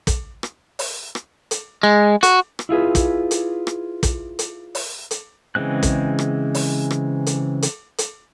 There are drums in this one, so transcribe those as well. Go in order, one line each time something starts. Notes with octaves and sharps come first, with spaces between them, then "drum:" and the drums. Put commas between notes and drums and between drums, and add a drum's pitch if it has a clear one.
drum: kick, hi-hat
drum: rim click
drum: open hi-hat
drum: rim click
drum: hi-hat
G#3
F#4, drum: hi-hat
drum: rim click
E4 F4 G#4 B4
drum: kick, hi-hat
drum: hi-hat
drum: rim click
drum: kick, hi-hat
drum: hi-hat
drum: open hi-hat
drum: hi-hat
C#3 E3 G#3 C4 F#6
drum: kick, hi-hat
drum: rim click
drum: open hi-hat
drum: rim click
drum: hi-hat
drum: hi-hat
drum: hi-hat